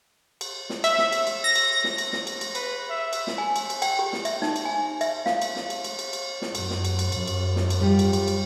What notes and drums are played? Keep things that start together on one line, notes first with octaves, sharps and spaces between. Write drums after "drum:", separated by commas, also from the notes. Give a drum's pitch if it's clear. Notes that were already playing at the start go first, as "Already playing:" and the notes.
drum: cymbal
drum: snare
E5, drum: cymbal
drum: snare
drum: cymbal
drum: cymbal
A#6
drum: cymbal
drum: snare
drum: cymbal
drum: snare
drum: cymbal
drum: cymbal
B4, drum: cymbal
E5
drum: cymbal
drum: snare
G#5
drum: cymbal
drum: cymbal
G5, drum: cymbal
G4
drum: snare
E5, drum: cymbal
D#4, drum: snare
drum: cymbal
G#5
E5, drum: cymbal
F5, drum: snare
drum: cymbal
drum: snare
drum: cymbal
drum: cymbal
drum: cymbal
drum: cymbal
drum: snare
F#2, drum: cymbal
drum: snare
drum: cymbal
drum: cymbal
F#2, drum: cymbal
drum: cymbal
drum: snare
drum: cymbal
G3 F4 G4
drum: cymbal
drum: cymbal
drum: cymbal